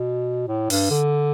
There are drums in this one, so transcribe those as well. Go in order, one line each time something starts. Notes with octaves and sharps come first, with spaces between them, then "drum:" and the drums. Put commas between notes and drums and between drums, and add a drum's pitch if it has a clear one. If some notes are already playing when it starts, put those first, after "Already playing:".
Already playing: B2
A2
G2, drum: open hi-hat
D3